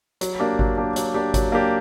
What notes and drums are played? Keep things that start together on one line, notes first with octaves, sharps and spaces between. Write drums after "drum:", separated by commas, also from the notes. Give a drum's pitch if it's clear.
F#3, drum: hi-hat
A#3 D4 G4
F#3, drum: kick G#1
A#3 D4 G4
F#3, drum: hi-hat
A#3 D4 G4
F#3, drum: kick G#1, hi-hat
A#3 D4 G4